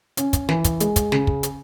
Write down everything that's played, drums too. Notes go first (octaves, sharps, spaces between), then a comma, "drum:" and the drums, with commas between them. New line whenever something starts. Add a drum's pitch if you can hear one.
C#4, drum: hi-hat
drum: kick, hi-hat
E3, drum: snare
drum: kick, hi-hat
G#3, drum: hi-hat
drum: kick, hi-hat
C#3, drum: snare
drum: kick
drum: hi-hat